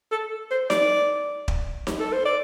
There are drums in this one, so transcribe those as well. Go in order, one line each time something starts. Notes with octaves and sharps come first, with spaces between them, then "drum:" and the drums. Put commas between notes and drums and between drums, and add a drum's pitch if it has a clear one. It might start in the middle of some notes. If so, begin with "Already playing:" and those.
A4
C5
D5, drum: snare D#4
drum: kick
drum: snare D#4
A4
C5
D5